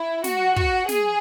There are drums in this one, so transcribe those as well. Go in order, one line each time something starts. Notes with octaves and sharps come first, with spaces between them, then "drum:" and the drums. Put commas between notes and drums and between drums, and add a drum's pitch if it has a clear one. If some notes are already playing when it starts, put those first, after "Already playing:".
Already playing: E4
F#4, drum: snare
F#4, drum: kick
G#4, drum: snare